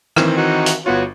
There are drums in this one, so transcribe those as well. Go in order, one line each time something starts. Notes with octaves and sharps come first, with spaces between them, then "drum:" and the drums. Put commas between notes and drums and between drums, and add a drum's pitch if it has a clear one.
D#3 E3 C4, drum: rim click
D#4 F#4
drum: hi-hat
G1 B3 F4 F#4 C#5